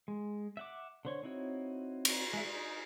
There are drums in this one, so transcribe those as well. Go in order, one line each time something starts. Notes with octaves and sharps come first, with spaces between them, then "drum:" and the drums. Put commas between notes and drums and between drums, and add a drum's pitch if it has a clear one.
G#3
E5 F#5 D6
D3 C5 C#5
C4 D#4 E4 F#4 C#5
drum: cymbal
G#3 E5
D#4